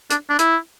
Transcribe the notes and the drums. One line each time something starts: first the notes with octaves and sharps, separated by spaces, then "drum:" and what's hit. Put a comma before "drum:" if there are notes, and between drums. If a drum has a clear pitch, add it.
D4, drum: hi-hat
D4
E4, drum: hi-hat